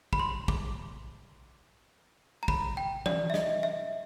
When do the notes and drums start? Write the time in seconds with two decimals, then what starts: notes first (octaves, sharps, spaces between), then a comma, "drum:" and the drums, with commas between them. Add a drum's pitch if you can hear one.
0.13 B5, drum: kick
0.20 C6
0.48 D6, drum: kick
2.43 A#5
2.48 B5, drum: kick
2.77 G5
3.06 D5, drum: tom E3
3.30 E5
3.34 D#5, drum: snare
3.63 E5